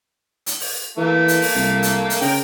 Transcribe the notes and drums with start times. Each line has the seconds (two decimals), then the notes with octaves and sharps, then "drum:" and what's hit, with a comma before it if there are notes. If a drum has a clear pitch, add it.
0.46 drum: hi-hat
0.60 drum: open hi-hat
0.97 E3 A3 A#3
1.28 drum: hi-hat
1.42 drum: open hi-hat
1.55 C2
1.83 drum: hi-hat
2.10 drum: hi-hat
2.21 C#3 A#4 G5, drum: open hi-hat